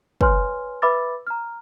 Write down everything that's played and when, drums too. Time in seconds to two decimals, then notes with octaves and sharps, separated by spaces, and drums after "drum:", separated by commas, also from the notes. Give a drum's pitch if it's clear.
0.21 B4 C#5 G#5 C6 F6, drum: kick
0.82 B4 E5 B5 D6 E6 A6
1.27 A#5 F6